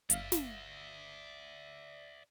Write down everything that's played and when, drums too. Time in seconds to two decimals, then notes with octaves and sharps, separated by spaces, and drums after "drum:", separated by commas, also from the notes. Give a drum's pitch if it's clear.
0.10 G1 D5 E5 F5, drum: hi-hat
0.32 drum: snare